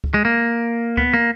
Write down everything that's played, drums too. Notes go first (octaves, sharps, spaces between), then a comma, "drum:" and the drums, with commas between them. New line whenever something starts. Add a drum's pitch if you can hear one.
drum: kick C#2
G#3
A#3
B3, drum: kick C#2
A#3